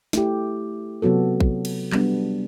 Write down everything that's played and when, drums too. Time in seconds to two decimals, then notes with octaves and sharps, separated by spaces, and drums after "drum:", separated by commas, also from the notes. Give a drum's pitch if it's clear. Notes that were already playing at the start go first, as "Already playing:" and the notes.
0.13 A3 E4 G4, drum: snare
1.02 C3 F#3 B3 F#4 A4
1.40 drum: kick A#1
1.65 drum: cymbal
1.92 G3 B3 D4, drum: clap